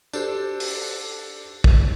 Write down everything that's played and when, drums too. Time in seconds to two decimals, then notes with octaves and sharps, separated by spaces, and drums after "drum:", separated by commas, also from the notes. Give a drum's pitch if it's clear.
0.13 D4 F#4 G4 A4 C5, drum: tambourine
0.60 drum: open hi-hat
1.64 drum: kick